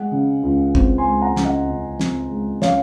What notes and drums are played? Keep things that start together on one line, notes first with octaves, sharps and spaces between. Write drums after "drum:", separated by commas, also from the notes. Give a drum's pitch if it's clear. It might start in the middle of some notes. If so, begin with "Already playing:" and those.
Already playing: G#3 F#5
C#3
C#2
C4, drum: kick
G#5 C6
G#3
F#5 A#5
C#3, drum: snare
D#5 F#5
C#2
C4, drum: snare
G#3
C#3 C#5 F5, drum: snare